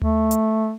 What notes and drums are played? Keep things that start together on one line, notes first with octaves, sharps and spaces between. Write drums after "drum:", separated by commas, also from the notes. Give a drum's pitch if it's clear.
A3, drum: tom D2
drum: hi-hat